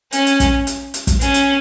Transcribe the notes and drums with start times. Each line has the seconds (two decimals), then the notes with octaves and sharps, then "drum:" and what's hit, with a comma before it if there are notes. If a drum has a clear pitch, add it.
0.12 C#4, drum: hi-hat
0.26 drum: hi-hat
0.40 drum: kick, hi-hat
0.67 drum: hi-hat
0.94 drum: hi-hat
1.07 drum: kick, hi-hat
1.21 C#4, drum: hi-hat
1.34 drum: hi-hat